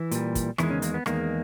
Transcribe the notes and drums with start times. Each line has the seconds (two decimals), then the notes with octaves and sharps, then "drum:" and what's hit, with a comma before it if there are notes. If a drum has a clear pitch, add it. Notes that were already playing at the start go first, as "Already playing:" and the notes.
Already playing: E3 E4
0.11 A#2 G3, drum: hi-hat
0.35 drum: kick, hi-hat
0.58 E2 D#3 E3 G#3 E4, drum: rim click
0.70 C#3 C#4
0.82 A#3, drum: hi-hat
0.94 B3
1.06 E2 D#3 G#3 A#3, drum: rim click